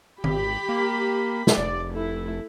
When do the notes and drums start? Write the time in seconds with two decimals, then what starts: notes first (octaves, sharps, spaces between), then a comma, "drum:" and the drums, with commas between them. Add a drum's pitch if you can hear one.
0.24 G#1 G4 B5, drum: tom D#3
0.69 A#3
1.47 drum: snare
1.57 F1 D5
1.94 A3 E4